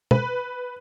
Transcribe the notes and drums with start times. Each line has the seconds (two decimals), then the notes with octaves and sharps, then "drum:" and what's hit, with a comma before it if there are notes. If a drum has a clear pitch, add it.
0.11 B4, drum: tom